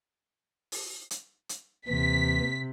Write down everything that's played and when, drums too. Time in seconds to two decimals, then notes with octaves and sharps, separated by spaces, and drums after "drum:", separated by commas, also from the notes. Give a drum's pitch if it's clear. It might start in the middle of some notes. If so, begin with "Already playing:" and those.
0.72 drum: open hi-hat
1.11 drum: hi-hat
1.49 drum: hi-hat
1.88 D#2 C3 E3 B6